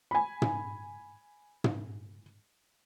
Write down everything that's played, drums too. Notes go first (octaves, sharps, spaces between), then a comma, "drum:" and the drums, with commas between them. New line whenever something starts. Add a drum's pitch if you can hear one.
G#5 B5
drum: tom
drum: tom